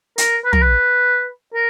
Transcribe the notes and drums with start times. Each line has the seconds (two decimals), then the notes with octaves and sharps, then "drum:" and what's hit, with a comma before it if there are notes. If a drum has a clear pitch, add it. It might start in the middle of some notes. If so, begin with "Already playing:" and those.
0.18 A#4, drum: hi-hat
0.45 B4
0.53 A#4, drum: tom
0.62 B4
1.54 A#4